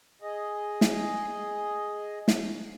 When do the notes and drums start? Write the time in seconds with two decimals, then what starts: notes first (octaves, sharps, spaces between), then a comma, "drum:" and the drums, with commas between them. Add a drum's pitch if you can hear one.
0.22 G#4 D#5
0.81 drum: snare
2.28 drum: snare